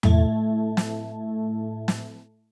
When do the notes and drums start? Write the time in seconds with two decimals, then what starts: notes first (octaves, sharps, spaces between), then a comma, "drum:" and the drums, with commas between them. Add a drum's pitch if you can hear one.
0.03 A2 A3, drum: tom E2
0.77 drum: snare
1.88 drum: snare